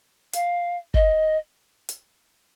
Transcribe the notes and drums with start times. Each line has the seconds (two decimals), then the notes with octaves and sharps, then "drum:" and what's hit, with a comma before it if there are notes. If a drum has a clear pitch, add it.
0.33 F5, drum: hi-hat
0.94 D#5, drum: kick
1.89 drum: hi-hat